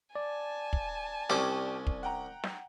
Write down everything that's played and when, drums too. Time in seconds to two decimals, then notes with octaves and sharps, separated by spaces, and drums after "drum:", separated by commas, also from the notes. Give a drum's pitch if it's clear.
0.15 D5 G#5 A5
0.73 drum: kick
1.30 C2 C#4 G4 D6, drum: snare
1.87 drum: kick
2.03 F#5 G5 A#5
2.44 drum: snare